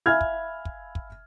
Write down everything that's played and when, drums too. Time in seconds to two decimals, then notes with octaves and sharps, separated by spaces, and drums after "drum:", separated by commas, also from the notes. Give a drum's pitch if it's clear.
0.06 E5 F5 G#5 B5 F6 G#6
0.21 drum: kick
0.65 drum: kick
0.95 drum: kick